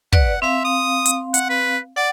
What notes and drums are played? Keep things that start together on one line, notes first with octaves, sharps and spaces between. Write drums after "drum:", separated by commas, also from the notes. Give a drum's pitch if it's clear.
B4 D5 F#5, drum: kick
C4 E5 F5
D#6
drum: hi-hat
F#5, drum: hi-hat
B4
D5 F#5